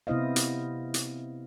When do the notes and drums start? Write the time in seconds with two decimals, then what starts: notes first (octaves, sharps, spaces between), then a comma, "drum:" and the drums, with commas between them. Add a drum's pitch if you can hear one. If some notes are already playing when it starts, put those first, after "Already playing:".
0.07 C3 B3 E4 C5 D#5 F5
0.36 drum: hi-hat
0.94 drum: hi-hat